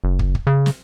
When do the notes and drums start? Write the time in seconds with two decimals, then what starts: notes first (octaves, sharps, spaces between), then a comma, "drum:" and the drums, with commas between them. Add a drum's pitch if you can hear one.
0.04 F#1
0.19 drum: kick
0.35 drum: kick
0.47 C#3
0.66 drum: snare